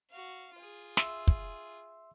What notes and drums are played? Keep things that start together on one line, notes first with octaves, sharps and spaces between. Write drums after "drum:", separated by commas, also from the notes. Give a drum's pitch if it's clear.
F#4 F5
F4 G#4
E5 C6 E6, drum: snare
drum: kick